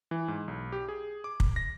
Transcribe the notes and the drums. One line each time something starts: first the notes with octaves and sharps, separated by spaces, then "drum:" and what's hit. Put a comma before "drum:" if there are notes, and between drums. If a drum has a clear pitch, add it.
E3
G#2
B1
G4
G#4
D6
drum: kick
A#6